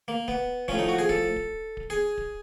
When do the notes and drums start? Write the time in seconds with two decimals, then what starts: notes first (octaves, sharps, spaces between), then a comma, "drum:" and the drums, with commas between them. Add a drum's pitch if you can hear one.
0.08 A#3
0.28 B3, drum: kick D1
0.68 A2 F3 C#4, drum: kick D1
0.79 D#4
0.89 F#4
0.99 G#4
1.09 A4, drum: kick D1
1.36 drum: kick D1
1.77 drum: kick D1
1.90 G#4
2.18 drum: kick D1